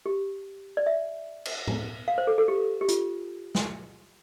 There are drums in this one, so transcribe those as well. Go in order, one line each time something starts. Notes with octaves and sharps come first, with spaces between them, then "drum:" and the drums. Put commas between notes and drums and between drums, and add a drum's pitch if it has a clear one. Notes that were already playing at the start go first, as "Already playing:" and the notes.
G4
D5
E5
drum: cymbal
drum: tom A2
F5
C5
A4
A4
G4
G4
F4, drum: hi-hat
drum: snare